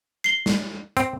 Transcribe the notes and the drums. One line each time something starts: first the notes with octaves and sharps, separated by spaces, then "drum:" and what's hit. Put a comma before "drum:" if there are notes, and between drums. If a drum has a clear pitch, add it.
C7 G7
drum: snare
C4, drum: hi-hat